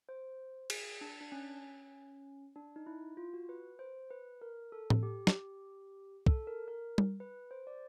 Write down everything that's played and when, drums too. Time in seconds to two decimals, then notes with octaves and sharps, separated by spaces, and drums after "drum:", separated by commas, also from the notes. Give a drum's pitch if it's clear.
0.09 C5
0.70 G#4, drum: cymbal
1.01 D4
1.21 D4
1.32 C#4
2.56 D4
2.76 D#4
2.86 E4
3.17 F4
3.34 F#4
3.49 B4
3.79 C5
4.10 B4
4.41 A#4
4.72 A4
4.90 drum: tom A2
5.03 G4
5.27 drum: snare
6.26 A4, drum: kick
6.47 A#4
6.68 A#4
6.98 drum: tom G3
7.20 B4
7.51 C5
7.67 D5